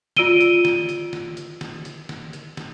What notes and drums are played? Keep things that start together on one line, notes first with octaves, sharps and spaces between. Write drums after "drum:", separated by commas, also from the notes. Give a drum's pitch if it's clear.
F4 D5 E6 D7 D#7 G7, drum: snare
drum: hi-hat
drum: snare
drum: hi-hat
drum: snare
drum: hi-hat
drum: snare
drum: hi-hat
drum: snare
drum: hi-hat
drum: snare